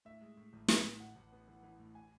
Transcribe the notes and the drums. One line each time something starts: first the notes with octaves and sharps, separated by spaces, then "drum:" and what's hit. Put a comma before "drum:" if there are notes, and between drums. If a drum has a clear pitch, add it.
A2 E5
G#3
A2
A1
A2, drum: snare
A1
E3 F#5
A1
B3
E3
E3
A2
G#5